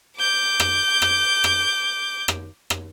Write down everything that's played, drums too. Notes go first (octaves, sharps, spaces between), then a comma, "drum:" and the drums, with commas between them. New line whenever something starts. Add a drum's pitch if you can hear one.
D6 G6
drum: rim click
drum: rim click
drum: rim click
drum: rim click
drum: rim click